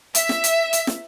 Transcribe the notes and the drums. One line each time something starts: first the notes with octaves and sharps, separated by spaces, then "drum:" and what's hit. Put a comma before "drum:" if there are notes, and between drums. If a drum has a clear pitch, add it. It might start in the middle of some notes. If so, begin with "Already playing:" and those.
E5, drum: hi-hat
drum: snare
drum: hi-hat
drum: hi-hat
drum: snare